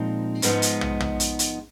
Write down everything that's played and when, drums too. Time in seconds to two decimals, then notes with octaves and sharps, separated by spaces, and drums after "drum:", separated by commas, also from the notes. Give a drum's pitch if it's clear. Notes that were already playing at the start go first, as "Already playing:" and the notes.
Already playing: A#2 F3 G#3 C4 D#4
0.42 G#2 F3 G#3 B3 D#4, drum: hi-hat
0.62 drum: hi-hat
0.81 drum: tom
1.00 drum: tom
1.20 drum: hi-hat
1.39 drum: hi-hat